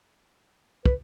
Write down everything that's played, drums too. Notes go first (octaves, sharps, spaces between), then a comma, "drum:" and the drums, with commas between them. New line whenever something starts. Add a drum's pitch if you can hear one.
B4, drum: kick